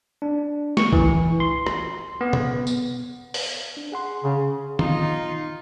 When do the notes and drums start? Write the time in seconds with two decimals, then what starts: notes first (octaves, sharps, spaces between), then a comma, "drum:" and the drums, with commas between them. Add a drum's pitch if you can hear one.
0.22 D4
0.77 C#6, drum: snare
0.92 E3, drum: kick C2
1.40 C6
1.67 drum: rim click
2.21 B3
2.33 drum: tom
2.67 drum: tambourine
3.34 drum: open hi-hat
3.77 D4
3.92 G#4 F#5 C6
4.24 C#3
4.79 D#4 F4, drum: tom D#3